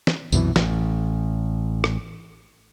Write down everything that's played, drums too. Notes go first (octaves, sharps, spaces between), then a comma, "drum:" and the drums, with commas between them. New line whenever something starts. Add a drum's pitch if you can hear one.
drum: snare
C2 F#2 B2 E3, drum: tambourine
A1, drum: snare
drum: rim click